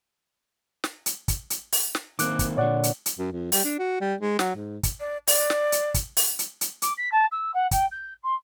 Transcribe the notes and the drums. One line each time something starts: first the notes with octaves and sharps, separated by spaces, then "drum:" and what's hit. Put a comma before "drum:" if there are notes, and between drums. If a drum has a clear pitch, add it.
drum: snare
drum: hi-hat
drum: kick, hi-hat
drum: hi-hat
drum: open hi-hat
drum: snare
D#3 A#3 C4 D6 F#6, drum: hi-hat
drum: kick, hi-hat
A#2 D3 C#5 D5 F#5
drum: hi-hat
drum: hi-hat
F#2
F2
G3, drum: open hi-hat
D4
F#4
G3
G#3
F#3, drum: snare
G#2
drum: kick, hi-hat
D5
D5, drum: open hi-hat
drum: snare
drum: hi-hat
drum: kick, hi-hat
drum: open hi-hat
drum: hi-hat
drum: hi-hat
D6, drum: hi-hat
B6
A5
E6
F#5
G5, drum: kick, hi-hat
G6
C6